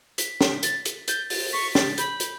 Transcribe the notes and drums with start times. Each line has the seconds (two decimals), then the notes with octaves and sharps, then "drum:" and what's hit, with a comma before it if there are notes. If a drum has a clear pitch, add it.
0.18 B6, drum: hi-hat
0.41 drum: snare
0.63 A6, drum: hi-hat
0.85 drum: hi-hat
1.08 G6 A6, drum: hi-hat
1.30 A6, drum: open hi-hat
1.52 C#6 B6
1.75 A6, drum: snare
1.98 B5 G6, drum: hi-hat
2.20 drum: hi-hat